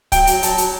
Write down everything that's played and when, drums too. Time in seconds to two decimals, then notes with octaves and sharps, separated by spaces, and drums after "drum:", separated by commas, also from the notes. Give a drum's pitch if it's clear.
0.12 F#3 G5, drum: kick C#1, hi-hat
0.27 F#3, drum: hi-hat
0.43 F#3 A5, drum: hi-hat
0.58 F#3, drum: hi-hat